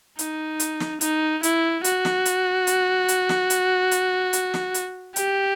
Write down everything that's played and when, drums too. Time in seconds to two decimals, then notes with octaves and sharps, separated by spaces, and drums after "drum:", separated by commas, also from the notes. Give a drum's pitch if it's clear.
0.19 D#4, drum: hi-hat
0.60 drum: hi-hat
0.80 drum: snare
1.01 D#4, drum: hi-hat
1.43 E4, drum: hi-hat
1.84 F#4, drum: hi-hat
2.05 drum: snare
2.25 drum: hi-hat
2.67 drum: hi-hat
3.08 drum: hi-hat
3.29 drum: snare
3.50 drum: hi-hat
3.91 drum: hi-hat
4.33 drum: hi-hat
4.54 drum: snare
4.74 drum: hi-hat
5.16 G4, drum: hi-hat